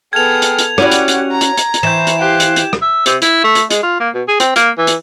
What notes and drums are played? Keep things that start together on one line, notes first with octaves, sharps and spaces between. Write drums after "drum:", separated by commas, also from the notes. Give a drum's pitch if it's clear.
B3 G#4 A4 G5 F6 G#6 F7
drum: hi-hat
drum: hi-hat
C#4 E4 F#4 G4 D5 F#5, drum: rim click
drum: hi-hat
drum: hi-hat
A#5
drum: hi-hat
drum: hi-hat
drum: hi-hat
E3 C5 C#6 G6 E7
drum: hi-hat
G4 C5 F5 F#6
drum: hi-hat
drum: hi-hat
drum: rim click
E5
C3, drum: hi-hat
E4, drum: hi-hat
A3
drum: hi-hat
G#3, drum: hi-hat
F4
A#3
B2
G#4
C4, drum: hi-hat
A#3, drum: hi-hat
E3
drum: hi-hat